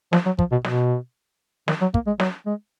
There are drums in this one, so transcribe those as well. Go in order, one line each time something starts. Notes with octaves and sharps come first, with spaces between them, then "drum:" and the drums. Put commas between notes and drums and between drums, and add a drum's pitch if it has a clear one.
F3, drum: snare
F#3
F3, drum: kick
B2
B2, drum: snare
D#3, drum: snare
F#3
A#3, drum: kick
G#3
F#3, drum: snare
G#3